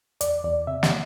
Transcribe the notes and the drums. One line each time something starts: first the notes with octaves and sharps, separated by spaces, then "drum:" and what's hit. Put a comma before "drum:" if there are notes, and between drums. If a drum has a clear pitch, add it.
E2 D5, drum: hi-hat
E2 D5
C3 E5
drum: snare